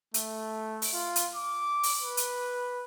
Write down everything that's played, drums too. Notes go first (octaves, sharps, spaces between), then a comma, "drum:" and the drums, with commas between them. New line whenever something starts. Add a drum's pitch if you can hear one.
A3, drum: hi-hat
drum: open hi-hat
F4
drum: hi-hat
D6
drum: open hi-hat
B4
drum: hi-hat